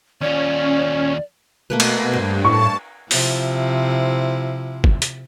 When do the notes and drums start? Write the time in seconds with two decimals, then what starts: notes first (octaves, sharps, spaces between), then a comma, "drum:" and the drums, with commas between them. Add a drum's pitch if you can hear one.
0.21 D#2 C#4 F4 D5
1.70 B2 A3 A#3 B4
1.80 drum: cymbal
2.13 G2 C5
2.45 A2 A5 C#6
3.11 C3 F3 E4, drum: open hi-hat
4.84 drum: kick
5.02 drum: hi-hat